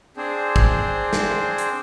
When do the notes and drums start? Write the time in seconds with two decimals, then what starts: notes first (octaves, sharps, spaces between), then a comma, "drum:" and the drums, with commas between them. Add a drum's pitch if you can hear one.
0.17 C4 D4 G#4 C5
0.56 drum: kick
1.13 drum: snare
1.58 drum: hi-hat